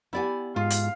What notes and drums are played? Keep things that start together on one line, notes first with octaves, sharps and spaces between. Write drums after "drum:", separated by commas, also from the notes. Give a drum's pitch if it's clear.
B3 E4 G4 D5 F#5 G#5
G#2 F4 F5
drum: hi-hat